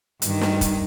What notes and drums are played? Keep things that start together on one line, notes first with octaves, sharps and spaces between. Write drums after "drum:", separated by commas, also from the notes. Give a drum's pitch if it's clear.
G2 D#3, drum: hi-hat
drum: snare
drum: kick, hi-hat